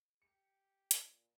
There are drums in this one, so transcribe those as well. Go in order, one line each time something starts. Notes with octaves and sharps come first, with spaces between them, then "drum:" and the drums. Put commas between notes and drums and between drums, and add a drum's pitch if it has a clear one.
G4 C#7
A#2, drum: hi-hat